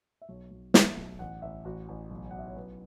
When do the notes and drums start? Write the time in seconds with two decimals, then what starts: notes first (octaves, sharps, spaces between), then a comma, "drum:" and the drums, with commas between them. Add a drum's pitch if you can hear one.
0.22 E5
0.29 B1 C#5
0.51 B1
0.74 A3 E5, drum: snare
0.97 B1
1.19 A1 F#5
1.42 A1 E5
1.65 A1 F#4
1.89 A1
2.11 B1
2.31 B1 F#5
2.39 E5
2.48 C#5
2.56 B1 B4